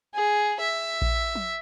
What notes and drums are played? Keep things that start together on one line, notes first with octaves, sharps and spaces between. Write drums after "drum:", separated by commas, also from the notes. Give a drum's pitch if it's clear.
G#4
E5
drum: kick A#1
drum: tom